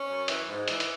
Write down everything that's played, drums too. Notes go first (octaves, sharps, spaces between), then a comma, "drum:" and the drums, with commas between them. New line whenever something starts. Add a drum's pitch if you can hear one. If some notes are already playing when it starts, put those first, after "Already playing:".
Already playing: C#4
F#2
E3, drum: hi-hat
G#2
E3, drum: hi-hat
drum: hi-hat